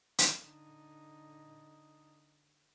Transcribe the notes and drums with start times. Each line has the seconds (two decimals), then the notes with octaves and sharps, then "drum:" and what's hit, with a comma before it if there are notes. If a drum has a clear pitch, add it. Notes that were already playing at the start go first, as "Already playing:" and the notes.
0.18 drum: hi-hat
0.38 D3 D#4